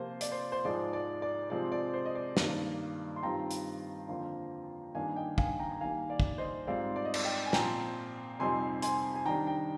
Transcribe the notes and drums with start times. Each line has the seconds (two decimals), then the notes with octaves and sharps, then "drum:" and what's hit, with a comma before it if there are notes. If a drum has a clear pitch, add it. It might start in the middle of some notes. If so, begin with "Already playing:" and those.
Already playing: C3 F3 A#3 F4 C5
0.21 D5, drum: hi-hat
0.32 C5
0.52 C5
0.64 G#2 F3 G#3 D5
0.93 D5
1.22 D5
1.50 C3 F3 G#3 C4 D5
1.72 D5
1.94 C5
2.05 D#5
2.15 D5
2.37 G2 D#3 A#3, drum: snare
3.16 C6
3.23 G2 D#3 G3 C4 F4 G5 A#5
3.51 drum: hi-hat
4.08 F2 D3 F3 A#3 F4
4.95 G2 D#3 G3 A#3 D4 F5 G#5
5.16 D#5 G5
5.38 F5 G#5, drum: kick
5.59 G5 A#5
5.72 A#5
5.81 D#3 G3 A#3 F5 G#5
6.10 D5 F5
6.20 drum: kick
6.38 C5 D#5
6.67 G#2 G3 C4 F4 D5 F5
6.96 D5
7.05 D#5
7.14 D5, drum: cymbal
7.24 D#5 G5
7.46 G#5
7.53 A#2 F3 C4 G5 A#5, drum: snare
8.39 F2 C3 G3 C4 D#4 G#5 C6
8.82 G#5 C6, drum: hi-hat
9.16 G#5
9.25 D#3 G3 D4 G5 A#5
9.47 G5 A#5